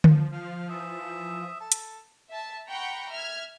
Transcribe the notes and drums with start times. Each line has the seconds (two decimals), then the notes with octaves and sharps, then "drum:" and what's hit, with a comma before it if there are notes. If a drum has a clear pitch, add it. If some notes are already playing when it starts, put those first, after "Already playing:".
0.04 F3, drum: tom D3
0.32 F3 F5
0.69 E3 E5 D#6
1.61 A4 A5
1.72 drum: hi-hat
2.29 E5 A5
2.68 F#5 G5 A#5 B5 C#6
3.09 E5 F6 G#6